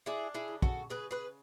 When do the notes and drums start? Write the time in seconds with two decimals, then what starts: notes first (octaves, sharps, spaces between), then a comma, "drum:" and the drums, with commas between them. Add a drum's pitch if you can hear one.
0.06 D4 E4 G#4
0.34 E4 G#4
0.48 C#3
0.62 F#4 A4, drum: kick
0.90 C#3 G#4 B4
1.11 G#4 B4